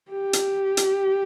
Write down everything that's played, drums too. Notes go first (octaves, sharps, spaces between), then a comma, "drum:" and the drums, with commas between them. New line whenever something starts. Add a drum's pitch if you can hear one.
G4
drum: hi-hat
drum: hi-hat